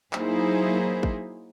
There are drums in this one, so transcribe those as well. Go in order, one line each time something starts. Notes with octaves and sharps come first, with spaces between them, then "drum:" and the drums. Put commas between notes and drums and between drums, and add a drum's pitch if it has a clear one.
F#3 A#3 D#4 E4 G#4 C5, drum: clap
drum: kick